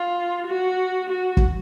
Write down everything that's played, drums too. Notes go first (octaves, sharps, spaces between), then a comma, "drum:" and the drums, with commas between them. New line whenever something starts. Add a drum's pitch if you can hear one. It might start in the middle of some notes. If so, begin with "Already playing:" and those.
Already playing: F4
F#4
F#4
drum: kick